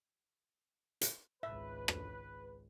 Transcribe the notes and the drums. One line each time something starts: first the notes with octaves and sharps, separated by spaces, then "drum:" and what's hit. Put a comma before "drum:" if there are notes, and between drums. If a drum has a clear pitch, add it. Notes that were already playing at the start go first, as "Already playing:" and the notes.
drum: hi-hat
G#1 C#2 B4 E5
drum: rim click